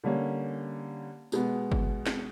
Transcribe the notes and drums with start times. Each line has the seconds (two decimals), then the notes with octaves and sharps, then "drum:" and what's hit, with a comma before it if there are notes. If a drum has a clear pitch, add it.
0.04 D3 G3 A#3 C#4
1.32 B2 G#3 B3, drum: tambourine
1.72 drum: kick G1
2.07 drum: snare